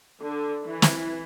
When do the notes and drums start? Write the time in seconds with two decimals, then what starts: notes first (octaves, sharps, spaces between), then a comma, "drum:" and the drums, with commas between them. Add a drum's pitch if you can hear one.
0.22 D3
0.66 E3
0.82 drum: snare